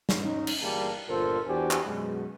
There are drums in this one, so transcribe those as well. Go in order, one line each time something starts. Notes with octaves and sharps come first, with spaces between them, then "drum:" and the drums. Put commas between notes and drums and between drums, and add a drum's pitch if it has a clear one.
drum: snare
C#4 D#4
drum: cymbal
G1 E3 G3 A#3 G#4 A5
G1 A#2 F4 A4 A#4 C5
E2 D4 F#4 G4 C5 G#5
drum: clap
F#2 B2 G#3